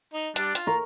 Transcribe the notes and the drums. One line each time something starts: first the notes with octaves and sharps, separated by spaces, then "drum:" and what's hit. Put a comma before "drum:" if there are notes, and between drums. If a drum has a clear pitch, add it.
D#4
G3 D4, drum: hi-hat
F4, drum: hi-hat
A#4 A#5 C#6